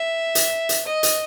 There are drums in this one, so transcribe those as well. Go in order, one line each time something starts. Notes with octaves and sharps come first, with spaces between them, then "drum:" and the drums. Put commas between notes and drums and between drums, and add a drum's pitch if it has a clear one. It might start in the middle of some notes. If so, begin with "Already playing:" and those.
Already playing: E5
drum: hi-hat
drum: hi-hat
D#5
drum: hi-hat